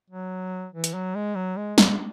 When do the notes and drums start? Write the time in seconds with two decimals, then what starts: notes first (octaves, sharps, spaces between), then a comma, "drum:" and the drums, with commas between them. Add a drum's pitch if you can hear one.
0.10 F#3
0.72 E3
0.84 drum: hi-hat
0.94 F#3
1.15 G#3
1.35 F#3
1.56 G#3
1.78 drum: snare